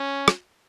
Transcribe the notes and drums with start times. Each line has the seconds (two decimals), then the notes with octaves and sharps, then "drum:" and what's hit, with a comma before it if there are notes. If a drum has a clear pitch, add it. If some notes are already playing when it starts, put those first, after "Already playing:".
Already playing: C#4
0.28 drum: rim click